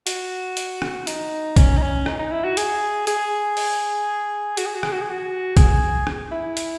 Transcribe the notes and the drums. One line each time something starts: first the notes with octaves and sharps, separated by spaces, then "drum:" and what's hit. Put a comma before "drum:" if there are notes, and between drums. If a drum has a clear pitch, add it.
F#4, drum: hi-hat
drum: hi-hat
drum: rim click
D#4, drum: hi-hat
C#4, drum: kick, hi-hat
D#4
C#4
D#4, drum: rim click
D#4
E4
F#4
G#4, drum: hi-hat
G#4, drum: hi-hat
drum: open hi-hat
F#4, drum: hi-hat
G#4
F#4
G#4, drum: rim click
F#4
G#4
F#4
G#4, drum: kick, hi-hat
drum: rim click
E4
drum: hi-hat